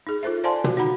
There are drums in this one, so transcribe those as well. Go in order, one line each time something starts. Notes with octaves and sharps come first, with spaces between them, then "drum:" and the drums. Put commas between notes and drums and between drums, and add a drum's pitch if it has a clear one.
D#4 G#4
F4 A4 C5 E5
C5 D5 F5 G#5 A5 C6
F#4, drum: tom B2
D#4 F#4 F#5 A#5 B5